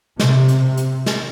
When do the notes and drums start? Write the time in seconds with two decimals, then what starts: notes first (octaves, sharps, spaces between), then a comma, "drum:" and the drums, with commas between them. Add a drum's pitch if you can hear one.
0.19 C3, drum: snare
0.48 drum: hi-hat
0.77 drum: hi-hat
1.06 drum: snare